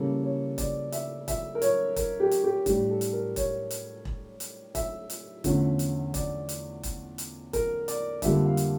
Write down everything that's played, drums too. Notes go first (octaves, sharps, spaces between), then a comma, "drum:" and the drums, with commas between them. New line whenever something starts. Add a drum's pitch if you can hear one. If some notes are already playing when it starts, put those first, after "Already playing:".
Already playing: C#3 E3 G3 A#3 C#4 A4
C#5
D5, drum: kick E1, hi-hat
E5, drum: hi-hat
E5, drum: kick E1, hi-hat
A#4
C#5, drum: hi-hat
A#4, drum: kick E1, hi-hat
G4
drum: hi-hat
G4
A2 G3 D4 G4, drum: kick E1, hi-hat
A4
drum: hi-hat
A#4
C#5, drum: kick E1, hi-hat
drum: hi-hat
drum: kick E1
drum: hi-hat
E5, drum: kick E1, hi-hat
drum: hi-hat
E2 D3 F3 A3 C#4, drum: kick E1, hi-hat
drum: hi-hat
D5, drum: kick E1, hi-hat
drum: hi-hat
drum: kick E1, hi-hat
drum: hi-hat
A#4, drum: kick E1, hi-hat
D5, drum: hi-hat
F2 D3 G3 A#3 E5, drum: kick E1, hi-hat
F5
drum: hi-hat